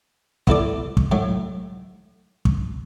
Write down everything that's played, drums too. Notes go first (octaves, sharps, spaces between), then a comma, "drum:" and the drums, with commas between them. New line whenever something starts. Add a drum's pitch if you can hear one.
B3 E4 A4 D5, drum: kick
drum: kick
A2 D#3 F#3
drum: kick